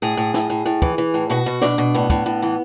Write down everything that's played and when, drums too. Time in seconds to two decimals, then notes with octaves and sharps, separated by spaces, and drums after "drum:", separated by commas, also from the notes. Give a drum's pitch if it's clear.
0.02 A2 G#4
0.17 A2
0.34 A2, drum: snare
0.50 A2
0.65 A2
0.82 E3, drum: kick
0.98 E3
1.14 A2
1.30 B2 F#4
1.46 B2
1.62 B2 D4, drum: snare
1.78 B2
1.94 A2 B3
2.10 A2, drum: kick
2.26 A2
2.42 E3